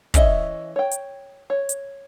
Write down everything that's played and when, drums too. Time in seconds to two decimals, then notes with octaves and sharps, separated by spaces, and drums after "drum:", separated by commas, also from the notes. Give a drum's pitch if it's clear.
0.14 E3 C#4 E4 D#5 E5, drum: kick, hi-hat
0.76 C#5 G5
0.91 drum: hi-hat
1.50 C#5
1.69 drum: hi-hat